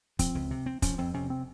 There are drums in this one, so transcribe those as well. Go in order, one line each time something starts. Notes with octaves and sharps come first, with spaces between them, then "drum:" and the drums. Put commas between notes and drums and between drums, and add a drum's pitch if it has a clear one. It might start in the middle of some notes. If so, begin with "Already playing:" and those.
F3 C4, drum: kick, hi-hat
C#2
C3
C4
F3 C#4, drum: kick, hi-hat
F2 C4
C3 C#4
C4